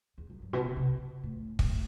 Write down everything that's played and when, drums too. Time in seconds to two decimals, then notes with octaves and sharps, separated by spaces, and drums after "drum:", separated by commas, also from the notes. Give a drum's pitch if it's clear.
0.18 E2
0.30 F#2
0.42 G2
0.53 B2
0.65 C3
0.76 C3
1.23 A2
1.59 A2, drum: kick